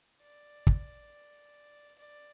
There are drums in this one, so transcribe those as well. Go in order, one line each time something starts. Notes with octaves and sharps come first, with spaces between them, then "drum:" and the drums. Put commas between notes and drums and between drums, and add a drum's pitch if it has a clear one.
D5
drum: kick
D5